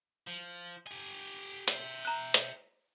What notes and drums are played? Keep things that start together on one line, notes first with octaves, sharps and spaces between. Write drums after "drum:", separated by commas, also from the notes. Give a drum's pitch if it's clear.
F3
G4 G#5
E5 G5, drum: hi-hat
A#5 F#6
drum: hi-hat